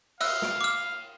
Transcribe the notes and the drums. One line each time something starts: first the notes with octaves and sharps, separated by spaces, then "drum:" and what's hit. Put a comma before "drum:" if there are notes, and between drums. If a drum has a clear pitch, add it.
E5 F5 E6 F#6, drum: cymbal
drum: snare
D6 F6